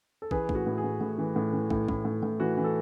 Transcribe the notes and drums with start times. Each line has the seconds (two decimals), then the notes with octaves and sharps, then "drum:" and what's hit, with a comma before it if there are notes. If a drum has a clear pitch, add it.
0.22 A4
0.31 E3 G#4 B4, drum: kick
0.49 A2, drum: kick
0.55 F#4
0.66 A2
0.78 G#4
0.84 A2
1.01 A2
1.18 E3
1.36 A2
1.53 E3
1.70 A2, drum: kick
1.89 A2, drum: kick
2.05 A2
2.23 A2
2.40 E3 F#4
2.57 E3
2.64 A4